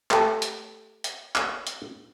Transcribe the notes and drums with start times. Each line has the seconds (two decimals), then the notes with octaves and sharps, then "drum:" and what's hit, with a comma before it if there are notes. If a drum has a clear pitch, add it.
0.11 A3 G4 A4, drum: clap
0.42 drum: hi-hat
1.04 drum: hi-hat
1.35 drum: clap
1.67 drum: hi-hat